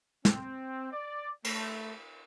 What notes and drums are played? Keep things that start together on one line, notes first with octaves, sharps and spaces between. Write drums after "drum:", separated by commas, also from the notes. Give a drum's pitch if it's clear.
C4, drum: snare
D5
A3, drum: cymbal